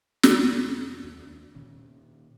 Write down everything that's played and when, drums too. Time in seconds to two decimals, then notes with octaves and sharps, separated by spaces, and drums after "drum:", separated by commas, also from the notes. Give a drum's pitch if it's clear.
0.23 F2 C3 D#3, drum: snare
1.04 D#2 A3 C4 D4
1.55 A#2 D#3 C#4